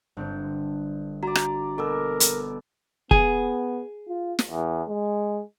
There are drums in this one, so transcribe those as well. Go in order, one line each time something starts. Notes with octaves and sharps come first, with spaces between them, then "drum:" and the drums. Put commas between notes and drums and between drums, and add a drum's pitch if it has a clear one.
G1 D3 C4
F#4 D5 A#5
drum: rim click
B2 A4 A#4 D6 E6
drum: hi-hat
B3 G#4, drum: kick
F4
drum: snare
E2
G#3